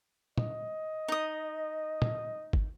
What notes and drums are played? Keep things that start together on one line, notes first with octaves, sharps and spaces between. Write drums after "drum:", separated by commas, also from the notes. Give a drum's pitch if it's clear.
D#5, drum: tom
D#4 D#6
drum: tom
drum: kick G#1